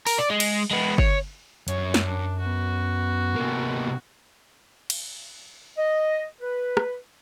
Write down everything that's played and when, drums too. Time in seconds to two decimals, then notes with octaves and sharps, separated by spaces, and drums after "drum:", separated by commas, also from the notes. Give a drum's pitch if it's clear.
0.07 A#4, drum: open hi-hat
0.19 D5
0.30 G#3
0.40 drum: cymbal
0.71 G#3 B3
0.98 C#5, drum: kick G1
1.68 F#2 C#5, drum: hi-hat
1.94 drum: snare
2.04 D4
2.39 B3 F#4
3.36 C3 A#3
4.90 drum: cymbal
5.77 D#5
6.41 B4
6.77 drum: rim click